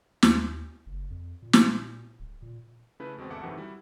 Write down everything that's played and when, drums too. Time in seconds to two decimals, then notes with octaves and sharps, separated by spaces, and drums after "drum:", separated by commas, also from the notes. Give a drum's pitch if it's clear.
0.23 D#2, drum: snare
0.86 F#1
1.10 F2
1.42 A#2
1.53 drum: snare
2.19 D1
2.42 A#2
3.00 C#3 A3 C#4 E4 B4
3.17 E2 B2 G#3 C4
3.30 G1 D2 A4 E5 F#5 D6
3.44 F#2 A2 C3 D#3 E3
3.57 G3 E4 F#4